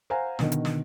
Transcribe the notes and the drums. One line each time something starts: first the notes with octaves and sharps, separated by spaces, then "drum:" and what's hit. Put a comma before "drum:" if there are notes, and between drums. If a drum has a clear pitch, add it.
C5 F5 F#5 G#5 A#5
B2 D3 D#3, drum: snare
drum: hi-hat
drum: snare